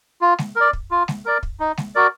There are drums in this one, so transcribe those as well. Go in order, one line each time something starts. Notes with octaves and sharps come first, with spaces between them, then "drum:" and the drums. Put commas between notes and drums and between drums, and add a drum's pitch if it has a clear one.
F4
drum: snare G#3
A#4 D5
drum: kick
F4
drum: snare G#3
A#4 D5
drum: kick
D#4
drum: snare G#3
F#4 A#4 D5